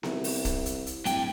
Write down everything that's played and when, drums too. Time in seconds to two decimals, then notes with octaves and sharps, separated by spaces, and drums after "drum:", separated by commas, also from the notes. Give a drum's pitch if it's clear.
0.03 C2, drum: snare B3
0.24 drum: open hi-hat
0.45 drum: kick, hi-hat
0.66 drum: hi-hat
0.87 drum: hi-hat
1.06 D1 G2 G5, drum: hi-hat